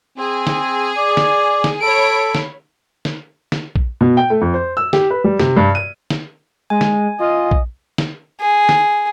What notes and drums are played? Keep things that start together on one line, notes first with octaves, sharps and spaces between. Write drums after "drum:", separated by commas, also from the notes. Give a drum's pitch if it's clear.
C4 G#4
drum: snare
D5
drum: snare
drum: snare
A4 C#5 B5 D7
drum: snare
drum: snare
drum: snare
drum: kick A#1
B2
G5
A3
F2
C5
E6
G4, drum: snare
B4
G3
C3, drum: snare
G2
D#7
drum: snare
G#3 G#5
drum: snare
F4 D#5
drum: kick A#1
drum: snare
G#4
drum: snare